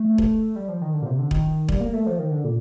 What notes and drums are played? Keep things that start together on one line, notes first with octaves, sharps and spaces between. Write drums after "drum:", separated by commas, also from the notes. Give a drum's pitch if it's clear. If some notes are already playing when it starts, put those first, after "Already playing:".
Already playing: A3
drum: kick E1
G3
F3
D#3
D3
A#2
C3
D3
D#3, drum: kick E1
G3, drum: kick E1
A#3
A3
F3
D#3
D3
A#2